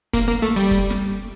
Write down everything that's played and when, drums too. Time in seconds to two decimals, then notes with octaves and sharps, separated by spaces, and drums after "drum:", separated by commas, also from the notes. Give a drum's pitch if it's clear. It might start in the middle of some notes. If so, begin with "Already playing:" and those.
0.13 A#3, drum: kick, hi-hat
0.28 A#3
0.42 A3
0.56 G3
0.71 drum: kick
0.90 drum: snare